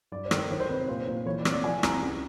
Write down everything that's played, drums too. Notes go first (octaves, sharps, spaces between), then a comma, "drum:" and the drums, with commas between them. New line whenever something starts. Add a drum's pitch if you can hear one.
G2 D5
C5
D#3, drum: rim click
C5
D#3 C#5
C5
C3 B4
C#5
A#2 C5
A#2
E3 C#5
D5
C3, drum: rim click
D5
F3 G#5
C2 A#5, drum: rim click
C#2